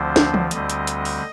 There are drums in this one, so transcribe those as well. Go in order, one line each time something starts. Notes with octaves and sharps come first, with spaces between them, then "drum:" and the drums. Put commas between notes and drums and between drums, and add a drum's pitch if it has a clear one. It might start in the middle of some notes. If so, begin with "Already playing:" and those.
Already playing: D2 D3 F3 C4 C5
drum: snare
drum: tom E3
D2 D3 G3 C4 D#5, drum: hi-hat
drum: hi-hat
drum: hi-hat
drum: open hi-hat